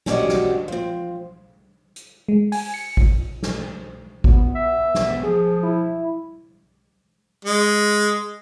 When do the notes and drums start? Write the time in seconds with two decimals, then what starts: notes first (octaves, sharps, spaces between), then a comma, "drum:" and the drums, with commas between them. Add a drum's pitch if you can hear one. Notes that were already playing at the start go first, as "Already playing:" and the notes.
0.06 C#4 D4 F#4 G4 D5 D#5, drum: snare
0.29 drum: snare
0.68 F3 C4
1.96 drum: hi-hat
2.28 G#3
2.52 G#5, drum: open hi-hat
2.74 C#7
2.97 drum: kick
3.43 drum: snare
4.24 B3, drum: kick
4.55 E5
4.95 drum: snare
5.23 F3 G#4
5.63 E4
7.45 G#3